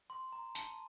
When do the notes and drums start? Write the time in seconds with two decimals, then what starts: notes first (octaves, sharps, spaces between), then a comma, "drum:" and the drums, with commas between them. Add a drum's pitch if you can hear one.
0.10 C6
0.32 A#5
0.55 A5, drum: hi-hat